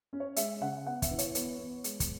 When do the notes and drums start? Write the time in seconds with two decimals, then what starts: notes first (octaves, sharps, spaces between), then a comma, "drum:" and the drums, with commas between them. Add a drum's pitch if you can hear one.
0.13 C#4
0.20 C#5
0.36 G#3 E5, drum: hi-hat
0.61 C#3 F#5
0.86 B3 F#5
1.02 E5, drum: kick, hi-hat
1.11 E3
1.18 C#5, drum: hi-hat
1.35 B3, drum: hi-hat
1.59 B3
1.84 G#3, drum: hi-hat
2.00 drum: kick, hi-hat